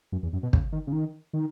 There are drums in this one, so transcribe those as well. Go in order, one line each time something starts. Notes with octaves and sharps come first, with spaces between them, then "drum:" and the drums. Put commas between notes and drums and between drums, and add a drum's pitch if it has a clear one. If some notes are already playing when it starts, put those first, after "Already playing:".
F#2
E2
F#2
B2
C#3, drum: kick
D#3
C#3
D#3
D#3